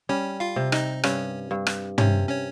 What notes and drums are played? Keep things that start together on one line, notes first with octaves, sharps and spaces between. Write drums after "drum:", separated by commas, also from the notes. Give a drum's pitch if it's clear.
G3 C#4 C#5
F4 F5
C3
D#4 D#5, drum: rim click
G2 C#4 C#5, drum: rim click
G2
drum: rim click
C3 C#4 C#5, drum: tom
C#4 C#5